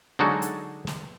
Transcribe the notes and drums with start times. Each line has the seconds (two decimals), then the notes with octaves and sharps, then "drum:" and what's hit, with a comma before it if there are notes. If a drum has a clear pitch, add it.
0.19 D3 F#3 G#3 D#4 F#4 A4
0.42 drum: hi-hat
0.87 drum: snare